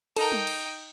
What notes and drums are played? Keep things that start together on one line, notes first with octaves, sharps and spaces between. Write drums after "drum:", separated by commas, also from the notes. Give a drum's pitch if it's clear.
D#4 A4 A#4 G5, drum: cymbal
drum: tom G3
drum: cymbal